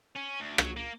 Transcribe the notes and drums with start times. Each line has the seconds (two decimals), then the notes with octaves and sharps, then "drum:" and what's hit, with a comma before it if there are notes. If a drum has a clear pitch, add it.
0.16 C#4
0.40 D2
0.58 F#3, drum: rim click
0.76 A#3